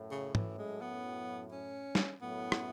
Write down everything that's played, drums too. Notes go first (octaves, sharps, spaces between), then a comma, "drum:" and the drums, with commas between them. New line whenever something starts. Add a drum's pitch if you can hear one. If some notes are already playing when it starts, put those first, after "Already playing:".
Already playing: F#2 A2
C#3
E3, drum: tom G#2
G#3
B3
C#4
drum: snare
F#2 A2 B3
drum: rim click